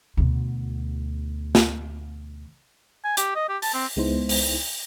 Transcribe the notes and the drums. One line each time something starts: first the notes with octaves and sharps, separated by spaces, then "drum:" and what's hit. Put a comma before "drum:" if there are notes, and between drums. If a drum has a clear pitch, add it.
D2 B2
drum: snare
G#5
G4, drum: hi-hat
D#5
G4
A5, drum: open hi-hat
C4
C#2 G#3 B3 D#4 E4 C5
drum: open hi-hat